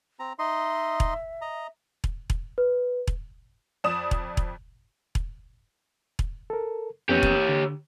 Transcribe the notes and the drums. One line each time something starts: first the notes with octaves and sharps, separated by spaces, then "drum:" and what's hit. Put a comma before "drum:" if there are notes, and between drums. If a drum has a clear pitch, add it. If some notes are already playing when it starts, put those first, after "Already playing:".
C4 A#5
D#4 D#5 E5 C6
drum: kick E1
D#5 A#5
drum: kick E1
drum: kick E1
B4
drum: kick E1
F2 D5 D#6 E7
drum: kick E1
drum: kick E1
drum: kick E1
drum: kick E1
A4 A#4
F2 B3 C#4 G4 C#5
drum: kick E1
D3